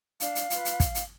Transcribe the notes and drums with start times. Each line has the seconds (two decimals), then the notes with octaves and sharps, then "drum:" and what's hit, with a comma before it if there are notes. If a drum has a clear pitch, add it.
0.20 D4 F5, drum: hi-hat
0.35 drum: hi-hat
0.50 F4 B4, drum: hi-hat
0.65 drum: hi-hat
0.80 drum: kick, hi-hat
0.95 drum: hi-hat